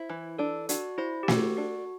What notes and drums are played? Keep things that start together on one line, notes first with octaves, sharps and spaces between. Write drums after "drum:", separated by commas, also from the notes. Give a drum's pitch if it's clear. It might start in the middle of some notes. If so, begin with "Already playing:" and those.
Already playing: E4 C5
E3
D4 A4
D4 F#4, drum: hi-hat
E4 C5
G4
F#4 A4, drum: snare
D4 F#4